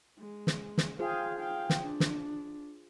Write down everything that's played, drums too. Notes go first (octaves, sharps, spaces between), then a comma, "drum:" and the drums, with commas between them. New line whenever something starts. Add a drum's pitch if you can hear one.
G#3
drum: snare
drum: snare
F4 G#4 C5 F5 G5
F5 G5
drum: snare
D4
drum: snare